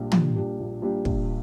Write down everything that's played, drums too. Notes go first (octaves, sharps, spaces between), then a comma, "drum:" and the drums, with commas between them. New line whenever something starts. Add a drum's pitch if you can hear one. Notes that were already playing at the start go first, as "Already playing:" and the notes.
Already playing: A#1 A#2 G3 D4 G4
A#1, drum: tom
A#2 G3 D4 G4
A#1
A#2 G3 D4 G4
A#1, drum: kick